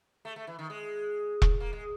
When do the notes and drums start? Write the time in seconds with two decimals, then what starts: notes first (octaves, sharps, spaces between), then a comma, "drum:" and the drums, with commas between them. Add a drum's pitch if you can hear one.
0.25 A3
0.36 A3
0.47 E3
0.59 D#3
0.70 G#3
1.42 drum: kick E1
1.60 A#3
1.73 G#3